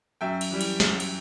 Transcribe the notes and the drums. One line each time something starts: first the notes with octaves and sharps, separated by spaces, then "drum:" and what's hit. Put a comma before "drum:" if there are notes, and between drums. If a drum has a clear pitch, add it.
F#2 E5 G5
drum: cymbal
E3 G3
drum: cymbal
F#2, drum: snare
drum: cymbal